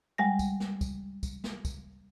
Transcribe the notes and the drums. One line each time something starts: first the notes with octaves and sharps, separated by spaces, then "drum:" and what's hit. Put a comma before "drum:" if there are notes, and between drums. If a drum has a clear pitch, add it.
G3 G#3 F#5 A#6
drum: kick, tambourine
drum: snare
drum: kick, tambourine
drum: kick, tambourine
drum: snare
drum: kick, tambourine